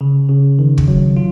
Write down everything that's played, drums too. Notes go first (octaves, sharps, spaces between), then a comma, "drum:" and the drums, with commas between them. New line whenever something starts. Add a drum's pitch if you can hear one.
C#3
C#3
D#3
drum: kick
F#3
F4